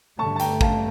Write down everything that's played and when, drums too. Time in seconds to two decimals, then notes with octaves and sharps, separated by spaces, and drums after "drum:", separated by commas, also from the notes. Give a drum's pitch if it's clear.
0.19 G2 D3 A3 A5 C#6
0.36 A5
0.40 G5 A#5, drum: hi-hat
0.61 F5 A5, drum: kick